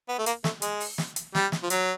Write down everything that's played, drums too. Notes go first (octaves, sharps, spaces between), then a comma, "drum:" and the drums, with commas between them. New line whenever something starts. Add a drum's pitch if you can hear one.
B3
A3
A#3, drum: hi-hat
A3, drum: snare
G#3, drum: hi-hat
drum: open hi-hat
drum: snare
drum: hi-hat
G3, drum: snare
drum: snare
F3
F#3, drum: hi-hat